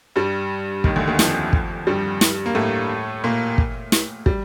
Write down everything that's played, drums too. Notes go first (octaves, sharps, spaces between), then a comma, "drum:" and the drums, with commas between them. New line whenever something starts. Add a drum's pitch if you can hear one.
G2 G3
D#2 D#3, drum: kick
D2 D3
D#2 D#3
F2 F3, drum: snare
drum: kick
G2 G3
drum: snare
A#3
A2 A3
A#2 A#3
drum: kick
drum: snare
G3, drum: kick